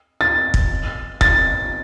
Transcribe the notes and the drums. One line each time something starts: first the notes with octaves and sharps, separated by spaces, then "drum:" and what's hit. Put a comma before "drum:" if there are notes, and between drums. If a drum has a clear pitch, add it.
A6
drum: kick
A6, drum: kick